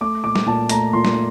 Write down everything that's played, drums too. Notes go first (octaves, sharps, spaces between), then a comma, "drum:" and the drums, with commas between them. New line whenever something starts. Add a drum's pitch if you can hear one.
A3 D6
A#2 D6
drum: snare
A#2 A5
A3 A#5, drum: hi-hat
A#2 C6
drum: snare